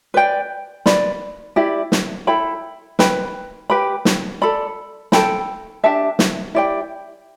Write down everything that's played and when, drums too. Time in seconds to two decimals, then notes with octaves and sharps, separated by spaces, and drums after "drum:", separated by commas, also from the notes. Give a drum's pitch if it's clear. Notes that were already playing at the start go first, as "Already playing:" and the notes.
0.14 B4 D5 G5
0.86 B4 D5 B5, drum: snare
1.56 E4 G4 D5
1.92 drum: snare
2.27 E4 A4 G5 B5
2.99 B4 G5 B5, drum: snare
3.70 G4 B4 G5 B5
4.05 drum: snare
4.41 A4 D5 B5
5.12 A4 G5 B5, drum: snare
5.84 D4 G4 E5 A5
6.19 drum: snare
6.54 E4 G4 D5 G5